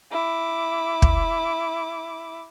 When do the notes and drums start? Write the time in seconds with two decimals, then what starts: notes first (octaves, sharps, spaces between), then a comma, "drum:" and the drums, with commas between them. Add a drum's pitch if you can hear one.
0.11 E4 D6
1.02 drum: kick